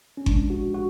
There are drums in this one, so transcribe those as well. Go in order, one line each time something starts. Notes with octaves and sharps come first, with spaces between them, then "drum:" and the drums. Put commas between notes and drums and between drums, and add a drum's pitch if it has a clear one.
C#4
G#3 D4, drum: kick G1
F3
F#4
A2
F#4